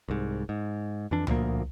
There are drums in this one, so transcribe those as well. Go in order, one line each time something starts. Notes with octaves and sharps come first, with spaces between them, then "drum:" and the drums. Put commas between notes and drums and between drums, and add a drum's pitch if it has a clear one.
C2 G#2
G#2
F2 E3 D4
D2 A#2 F3 A#3, drum: tom C#2